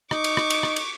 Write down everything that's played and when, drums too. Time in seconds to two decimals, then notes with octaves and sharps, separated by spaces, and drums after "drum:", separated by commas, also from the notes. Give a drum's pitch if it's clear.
0.11 D#4 C#6 D6, drum: rim click
0.24 drum: cymbal
0.37 drum: rim click
0.50 drum: cymbal
0.63 drum: rim click
0.76 drum: cymbal